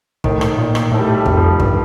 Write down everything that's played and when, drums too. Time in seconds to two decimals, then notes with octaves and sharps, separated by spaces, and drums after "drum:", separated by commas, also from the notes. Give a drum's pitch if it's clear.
0.24 A2 D#3, drum: kick
0.41 drum: rim click
0.58 A#2
0.75 drum: rim click
0.92 A2 A3
0.99 G3
1.07 A3
1.14 G3
1.26 F2, drum: kick
1.37 F3
1.60 G2, drum: kick